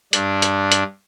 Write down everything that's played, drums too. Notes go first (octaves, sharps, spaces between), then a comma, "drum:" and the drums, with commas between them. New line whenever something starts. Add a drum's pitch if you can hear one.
G2 D4, drum: hi-hat
drum: hi-hat
drum: hi-hat